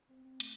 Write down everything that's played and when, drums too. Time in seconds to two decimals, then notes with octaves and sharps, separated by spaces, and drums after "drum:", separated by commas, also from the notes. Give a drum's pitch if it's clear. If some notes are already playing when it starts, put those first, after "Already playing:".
0.09 C4
0.25 C4
0.40 A3, drum: hi-hat